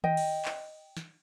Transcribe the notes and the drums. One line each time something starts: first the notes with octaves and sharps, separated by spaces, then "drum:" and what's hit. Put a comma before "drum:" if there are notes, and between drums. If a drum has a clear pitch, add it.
D#5 G5, drum: tom D#3
drum: cymbal
drum: clap
drum: snare